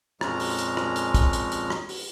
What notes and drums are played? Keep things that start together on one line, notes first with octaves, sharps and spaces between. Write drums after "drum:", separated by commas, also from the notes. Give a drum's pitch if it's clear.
F2 A#2 F3 G#3 C#4 A#5, drum: rim click
drum: open hi-hat
drum: hi-hat
drum: rim click
drum: hi-hat
drum: kick, hi-hat
drum: hi-hat
drum: hi-hat
drum: rim click
drum: open hi-hat